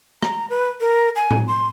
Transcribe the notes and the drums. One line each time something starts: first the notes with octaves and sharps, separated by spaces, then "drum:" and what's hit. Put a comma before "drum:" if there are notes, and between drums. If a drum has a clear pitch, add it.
A#5, drum: rim click
B4
A#4
G#5
drum: tom A2
C6